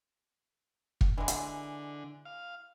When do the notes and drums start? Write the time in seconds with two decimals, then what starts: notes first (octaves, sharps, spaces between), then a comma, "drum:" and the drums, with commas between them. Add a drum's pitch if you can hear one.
1.01 drum: kick
1.18 D3 E3 G#3
1.28 drum: hi-hat
2.25 F5